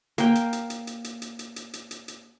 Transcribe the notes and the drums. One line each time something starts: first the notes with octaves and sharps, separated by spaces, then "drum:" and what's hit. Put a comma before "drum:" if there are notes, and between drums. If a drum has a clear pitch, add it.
A#3 G5, drum: hi-hat
drum: hi-hat
drum: hi-hat
drum: hi-hat
drum: hi-hat
drum: hi-hat
drum: hi-hat
drum: hi-hat
drum: hi-hat
drum: hi-hat
drum: hi-hat
drum: hi-hat